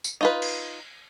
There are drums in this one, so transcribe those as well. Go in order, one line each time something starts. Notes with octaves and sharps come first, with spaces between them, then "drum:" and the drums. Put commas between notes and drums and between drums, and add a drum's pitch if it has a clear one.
drum: tambourine
D#4 F4 B4
drum: cymbal